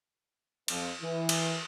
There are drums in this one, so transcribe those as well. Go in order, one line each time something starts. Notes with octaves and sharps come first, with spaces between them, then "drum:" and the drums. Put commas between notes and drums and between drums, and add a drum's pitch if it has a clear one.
F2, drum: cymbal
E3
drum: cymbal